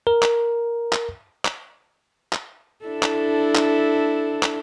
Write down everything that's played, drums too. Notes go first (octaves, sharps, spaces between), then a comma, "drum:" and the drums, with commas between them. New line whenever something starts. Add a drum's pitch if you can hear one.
A#4
drum: clap
drum: clap
drum: clap
drum: clap
D4 E4 A4
drum: clap
drum: clap
drum: clap